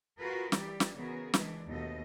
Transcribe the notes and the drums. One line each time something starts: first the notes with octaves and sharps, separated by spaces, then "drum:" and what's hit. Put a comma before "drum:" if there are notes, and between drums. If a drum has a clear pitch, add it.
F4 F#4 G#4 A#4 B4
E3 G3 G4 D5, drum: snare
drum: snare
C#3 E3 B3 F#4 G#4 A#4
E3 G#3 D4, drum: snare
D#2 B2 A3 D#5